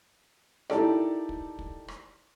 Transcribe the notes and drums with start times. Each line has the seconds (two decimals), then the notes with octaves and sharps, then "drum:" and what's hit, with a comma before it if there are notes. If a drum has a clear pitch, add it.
0.70 D#4 E4 G4 A4 A#4 D5, drum: rim click
1.29 drum: kick
1.59 drum: kick
1.88 drum: rim click